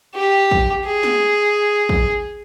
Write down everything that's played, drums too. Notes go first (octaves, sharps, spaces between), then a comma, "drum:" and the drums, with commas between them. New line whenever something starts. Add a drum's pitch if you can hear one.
G4
drum: kick
G#4
drum: snare
drum: kick